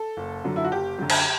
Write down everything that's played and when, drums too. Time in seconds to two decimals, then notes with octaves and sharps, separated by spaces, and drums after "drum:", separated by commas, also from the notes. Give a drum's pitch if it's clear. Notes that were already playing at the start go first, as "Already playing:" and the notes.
Already playing: A4
0.17 F#1
0.44 F#2 D3 F#3
0.56 E4
0.64 F#4
0.71 F#1 G4
0.98 F#2 D3 F#3
1.10 drum: cymbal